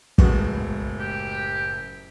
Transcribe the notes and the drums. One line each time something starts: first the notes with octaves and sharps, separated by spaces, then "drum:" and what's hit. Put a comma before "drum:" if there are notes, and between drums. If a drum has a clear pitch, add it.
F#1 A2 G#3 B3 F#4, drum: kick
G4